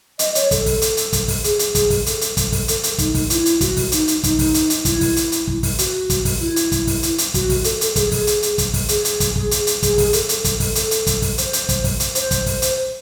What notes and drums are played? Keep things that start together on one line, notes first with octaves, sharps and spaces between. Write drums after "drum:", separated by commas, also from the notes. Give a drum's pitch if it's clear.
D#5, drum: hi-hat
C#5, drum: hi-hat
A4, drum: kick, hi-hat
drum: kick, open hi-hat
drum: hi-hat
drum: hi-hat
drum: kick, hi-hat
drum: kick, open hi-hat
G#4, drum: hi-hat
drum: hi-hat
drum: kick, hi-hat
drum: kick, open hi-hat
A4, drum: hi-hat
drum: hi-hat
drum: kick, hi-hat
drum: kick, open hi-hat
A4, drum: hi-hat
drum: hi-hat
D#4, drum: kick, hi-hat
drum: kick, open hi-hat
E4, drum: hi-hat
drum: hi-hat
F#4, drum: kick, hi-hat
drum: kick, open hi-hat
D#4, drum: hi-hat
drum: hi-hat
D#4, drum: kick, hi-hat
drum: kick, open hi-hat
drum: hi-hat
drum: hi-hat
E4, drum: kick, hi-hat
drum: kick, open hi-hat
drum: hi-hat
drum: hi-hat
drum: kick
drum: kick, open hi-hat
F#4, drum: hi-hat
drum: kick, hi-hat
drum: kick, open hi-hat
E4
drum: hi-hat
drum: kick, hi-hat
drum: kick, open hi-hat
drum: hi-hat
drum: hi-hat
F#4, drum: kick, hi-hat
drum: kick, open hi-hat
A4, drum: hi-hat
A4, drum: hi-hat
G#4, drum: kick, hi-hat
drum: kick, open hi-hat
drum: hi-hat
drum: hi-hat
drum: kick, hi-hat
drum: kick, open hi-hat
G#4, drum: hi-hat
drum: hi-hat
drum: kick, hi-hat
drum: kick
drum: hi-hat
drum: hi-hat
G#4, drum: kick, hi-hat
drum: kick, open hi-hat
A4, drum: hi-hat
drum: hi-hat
drum: kick, hi-hat
drum: kick, open hi-hat
A4, drum: hi-hat
drum: hi-hat
drum: kick, hi-hat
drum: kick, open hi-hat
C5, drum: hi-hat
drum: hi-hat
drum: kick, hi-hat
drum: kick, open hi-hat
drum: hi-hat
C5, drum: hi-hat
drum: kick, hi-hat
drum: kick, open hi-hat
drum: hi-hat